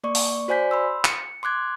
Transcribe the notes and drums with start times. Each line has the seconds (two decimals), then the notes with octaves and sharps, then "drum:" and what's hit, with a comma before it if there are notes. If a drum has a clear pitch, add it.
0.04 A#3 D5 C#6
0.15 drum: open hi-hat
0.48 F#4 C5 D5 G#5 G6 B6
0.71 B5 C6 E6
1.05 C#7, drum: clap
1.43 C6 D6 F#6 G#6